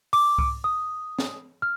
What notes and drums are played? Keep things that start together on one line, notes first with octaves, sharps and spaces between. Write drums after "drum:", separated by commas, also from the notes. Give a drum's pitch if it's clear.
D6, drum: open hi-hat
drum: kick C2
D#6
drum: snare
F6